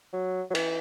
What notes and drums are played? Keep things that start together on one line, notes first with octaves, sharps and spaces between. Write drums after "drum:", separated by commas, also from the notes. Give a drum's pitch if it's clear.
F#3
F#3
E3, drum: cymbal